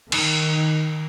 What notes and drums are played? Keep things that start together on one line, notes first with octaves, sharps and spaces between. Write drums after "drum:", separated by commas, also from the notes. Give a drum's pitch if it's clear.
D#3, drum: cymbal